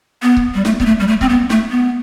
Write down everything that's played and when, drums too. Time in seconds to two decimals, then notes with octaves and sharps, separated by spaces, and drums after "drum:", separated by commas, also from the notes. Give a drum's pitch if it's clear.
0.22 B3
0.37 drum: kick C#1
0.54 G3
0.65 A3, drum: snare
0.80 B3, drum: kick C#1
0.86 A3
1.00 G3
1.07 A3
1.21 C4, drum: kick C#1
1.29 B3
1.50 A3, drum: snare
1.71 B3